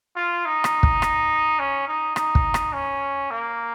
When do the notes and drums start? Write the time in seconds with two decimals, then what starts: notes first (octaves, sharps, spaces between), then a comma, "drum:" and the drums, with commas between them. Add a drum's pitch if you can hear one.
0.16 F4
0.46 D#4
0.64 drum: rim click
0.83 drum: kick
1.02 drum: rim click
1.59 C#4
1.88 D#4
2.16 D#4, drum: rim click
2.35 drum: kick
2.54 drum: rim click
2.73 C#4
3.31 A#3